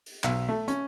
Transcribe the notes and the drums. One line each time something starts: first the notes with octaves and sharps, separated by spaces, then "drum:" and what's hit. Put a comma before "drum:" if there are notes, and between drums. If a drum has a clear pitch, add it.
drum: open hi-hat
B1, drum: clap
A3
C#4, drum: hi-hat